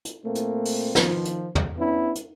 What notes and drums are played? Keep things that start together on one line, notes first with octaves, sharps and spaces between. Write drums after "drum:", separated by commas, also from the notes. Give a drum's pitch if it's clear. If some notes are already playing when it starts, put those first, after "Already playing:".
drum: hi-hat
A#2 A3 A#3 C4
drum: hi-hat
drum: open hi-hat
D#3 F3, drum: snare
drum: hi-hat
drum: tom
B3 C#4 D4 E4
drum: hi-hat